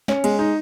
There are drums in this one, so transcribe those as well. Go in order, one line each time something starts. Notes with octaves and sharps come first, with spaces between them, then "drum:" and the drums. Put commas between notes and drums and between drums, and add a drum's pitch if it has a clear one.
C#4, drum: snare
G#3, drum: cymbal
D#4